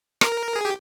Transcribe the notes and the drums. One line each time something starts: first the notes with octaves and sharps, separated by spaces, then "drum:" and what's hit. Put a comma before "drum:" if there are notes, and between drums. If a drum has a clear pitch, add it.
A#4, drum: rim click
G#4
G4